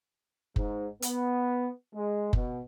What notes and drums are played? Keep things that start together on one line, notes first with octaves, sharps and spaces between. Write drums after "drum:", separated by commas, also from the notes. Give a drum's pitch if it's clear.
G#2, drum: kick F#1
B3, drum: hi-hat
G#3
B2, drum: kick F#1